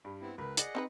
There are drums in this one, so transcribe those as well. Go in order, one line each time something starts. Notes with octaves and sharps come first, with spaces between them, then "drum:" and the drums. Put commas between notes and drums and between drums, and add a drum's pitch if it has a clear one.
G2 G3
B3 C4 E4
C#2 A#4 B4 B5
G#4 D5 D#5 F#5, drum: hi-hat
C4 D#4 B4